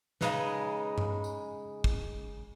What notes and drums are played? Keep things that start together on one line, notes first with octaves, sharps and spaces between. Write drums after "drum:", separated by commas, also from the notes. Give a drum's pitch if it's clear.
C#3 G#3 D#4 B4, drum: snare
drum: tom G2
drum: tambourine
drum: kick